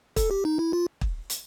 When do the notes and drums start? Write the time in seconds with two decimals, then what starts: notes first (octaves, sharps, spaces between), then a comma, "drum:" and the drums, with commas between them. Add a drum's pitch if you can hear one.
0.16 A4, drum: kick, hi-hat
0.31 G4
0.45 D#4
0.59 E4
0.73 F4
1.01 drum: kick
1.30 drum: hi-hat